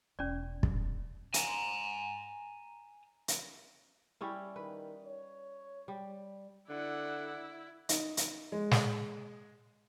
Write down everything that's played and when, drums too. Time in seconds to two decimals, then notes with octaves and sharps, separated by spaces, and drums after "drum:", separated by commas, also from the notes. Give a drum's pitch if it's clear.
0.19 E1 C#4 D5
0.63 drum: kick
1.34 G#5 A#5, drum: hi-hat
3.28 drum: hi-hat
4.21 G3 C#4 E4
4.56 D#3 B4
5.05 C#5
5.88 G3
6.70 D3 E4 D5 F#5
7.89 D#4, drum: hi-hat
8.17 drum: hi-hat
8.52 G#3
8.71 drum: snare